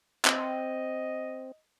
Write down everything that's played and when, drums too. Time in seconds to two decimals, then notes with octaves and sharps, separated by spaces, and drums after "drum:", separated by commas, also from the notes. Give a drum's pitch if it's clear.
0.25 C4 D#5, drum: clap